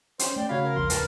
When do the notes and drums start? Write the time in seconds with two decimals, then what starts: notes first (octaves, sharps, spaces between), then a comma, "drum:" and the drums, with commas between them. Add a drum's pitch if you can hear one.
0.19 C#4 C5, drum: hi-hat
0.36 A3 D5 G5
0.49 C#3 F#4 C#5 F5 B5
0.63 A#4
0.76 A#1 E2 F3 C6
0.90 E1 C#2 B4 A5, drum: hi-hat